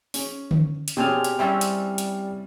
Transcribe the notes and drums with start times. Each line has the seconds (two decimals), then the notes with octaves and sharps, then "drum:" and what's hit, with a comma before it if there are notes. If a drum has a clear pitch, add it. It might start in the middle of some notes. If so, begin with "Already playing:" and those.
0.14 C#4 G#4, drum: open hi-hat
0.51 drum: tom D3
0.88 drum: hi-hat
0.97 B2 C4 D4 G4 G#4 C#5 D#6 F6
1.24 drum: hi-hat
1.39 G3 C4 C#4 E4 E5 G5 B5
1.61 drum: hi-hat
1.98 drum: hi-hat